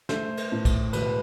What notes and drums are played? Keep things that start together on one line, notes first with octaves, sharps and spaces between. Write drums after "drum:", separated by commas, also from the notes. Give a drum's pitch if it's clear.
A3 C5, drum: snare
drum: cymbal
A2
drum: kick, cymbal
E1 B4, drum: cymbal